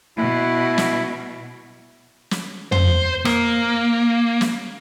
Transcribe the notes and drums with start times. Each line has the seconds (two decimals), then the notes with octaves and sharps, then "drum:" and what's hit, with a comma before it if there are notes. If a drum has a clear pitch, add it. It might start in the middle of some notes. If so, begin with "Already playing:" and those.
0.17 B2 E4
0.78 drum: snare
2.31 drum: snare
2.72 C5, drum: tom
3.25 A#3, drum: rim click
4.41 drum: snare